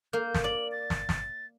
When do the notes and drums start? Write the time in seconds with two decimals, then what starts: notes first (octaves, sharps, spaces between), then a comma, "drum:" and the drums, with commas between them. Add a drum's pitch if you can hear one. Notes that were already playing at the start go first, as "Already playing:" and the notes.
0.13 A#3 G6
0.34 drum: snare
0.44 D5 F#7
0.72 A6
0.90 drum: snare
1.09 drum: snare